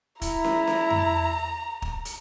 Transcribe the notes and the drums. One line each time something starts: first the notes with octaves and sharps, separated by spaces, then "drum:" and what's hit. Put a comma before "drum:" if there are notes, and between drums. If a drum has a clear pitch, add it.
E4 A#5, drum: kick, hi-hat
drum: snare
drum: snare
drum: tom F2
drum: kick
drum: hi-hat